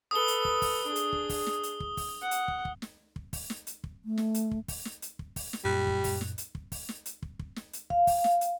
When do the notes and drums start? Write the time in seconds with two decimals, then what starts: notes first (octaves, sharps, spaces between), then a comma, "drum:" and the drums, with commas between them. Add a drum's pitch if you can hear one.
0.11 A4 B4 D#6 G7
0.28 drum: hi-hat
0.45 drum: kick
0.62 drum: kick, open hi-hat
0.86 D4 G#4
0.96 drum: hi-hat
1.13 drum: kick
1.29 drum: kick, open hi-hat
1.46 drum: snare
1.63 drum: hi-hat
1.80 drum: kick
1.97 drum: kick, open hi-hat
2.21 F#5
2.31 drum: hi-hat
2.48 drum: kick
2.65 drum: kick
2.82 drum: snare
3.16 drum: kick
3.33 drum: kick, open hi-hat
3.50 drum: snare
3.67 drum: hi-hat
3.84 drum: kick
4.05 A3
4.18 drum: snare
4.34 drum: hi-hat
4.51 drum: kick
4.68 drum: kick, open hi-hat
4.85 drum: snare
5.02 drum: hi-hat
5.19 drum: kick
5.36 drum: kick, open hi-hat
5.53 drum: snare
5.65 F#2 A#2 G3 F#6
5.87 drum: kick
6.04 drum: kick, open hi-hat
6.21 drum: snare
6.38 drum: hi-hat
6.55 drum: kick
6.72 drum: kick, open hi-hat
6.89 drum: snare
7.06 drum: hi-hat
7.22 drum: kick
7.39 drum: kick
7.56 drum: snare
7.73 drum: hi-hat
7.90 F5, drum: kick
8.07 drum: kick, open hi-hat
8.24 drum: snare
8.41 drum: hi-hat